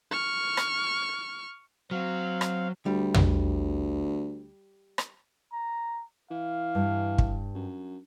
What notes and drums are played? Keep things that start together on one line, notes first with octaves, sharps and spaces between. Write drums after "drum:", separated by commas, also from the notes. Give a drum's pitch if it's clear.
C#6 F6
drum: rim click
F#3 C4 F5
drum: rim click
D2 G3
drum: tom
drum: rim click
A#5
E3 F5
G2
drum: kick
F#2